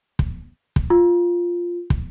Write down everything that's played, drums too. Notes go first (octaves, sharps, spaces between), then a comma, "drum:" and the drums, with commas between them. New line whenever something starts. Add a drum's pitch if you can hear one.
drum: kick
drum: kick
F4
drum: kick